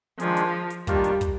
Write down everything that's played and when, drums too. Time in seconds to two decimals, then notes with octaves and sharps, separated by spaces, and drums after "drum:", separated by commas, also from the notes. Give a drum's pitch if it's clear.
0.20 D#3 F3 G#3 D4 F4 G#4, drum: hi-hat
0.37 drum: hi-hat
0.70 drum: hi-hat
0.87 D#3 G3 A#3 D4 F4 A#4, drum: kick, hi-hat
1.04 drum: hi-hat
1.21 drum: kick, hi-hat